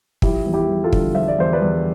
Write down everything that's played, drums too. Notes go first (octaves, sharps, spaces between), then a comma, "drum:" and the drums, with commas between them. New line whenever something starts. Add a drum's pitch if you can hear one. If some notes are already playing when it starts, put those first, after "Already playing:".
F3 E4 G4, drum: kick
E2
E4 G4
E2
F4 A4
D3, drum: kick
F3 E5
D5
E2 C5
B4 D5
E2